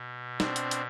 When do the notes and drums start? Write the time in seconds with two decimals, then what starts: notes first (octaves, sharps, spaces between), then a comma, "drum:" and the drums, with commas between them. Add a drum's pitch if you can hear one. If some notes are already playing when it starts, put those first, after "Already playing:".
Already playing: B2
0.40 C4 D4, drum: snare
0.56 drum: hi-hat
0.71 drum: hi-hat